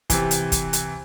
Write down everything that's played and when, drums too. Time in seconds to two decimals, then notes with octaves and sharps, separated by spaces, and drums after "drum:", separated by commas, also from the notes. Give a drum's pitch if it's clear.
0.10 C3 E3, drum: kick, hi-hat
0.31 drum: hi-hat
0.52 drum: kick, hi-hat
0.73 drum: hi-hat